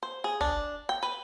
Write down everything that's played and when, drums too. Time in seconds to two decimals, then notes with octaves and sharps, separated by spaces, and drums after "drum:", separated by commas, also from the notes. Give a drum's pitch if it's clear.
0.03 C5
0.24 G#4
0.41 D4, drum: kick
0.89 G5
1.03 B4